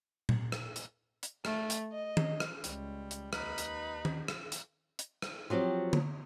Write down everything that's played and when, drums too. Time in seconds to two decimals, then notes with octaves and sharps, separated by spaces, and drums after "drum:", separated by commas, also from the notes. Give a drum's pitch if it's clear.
0.29 drum: tom A#2
0.52 drum: rim click
0.76 drum: hi-hat
1.23 drum: hi-hat
1.45 A3, drum: rim click
1.70 drum: hi-hat
1.93 D#5
2.17 drum: tom
2.40 drum: rim click
2.64 C#2 G3, drum: hi-hat
3.11 drum: hi-hat
3.33 D#2 D#4 B4 B5, drum: rim click
3.58 drum: hi-hat
4.05 drum: tom
4.28 drum: rim click
4.52 drum: hi-hat
4.99 drum: hi-hat
5.22 drum: rim click
5.50 F3 F#3 C4 G4
5.93 drum: tom D3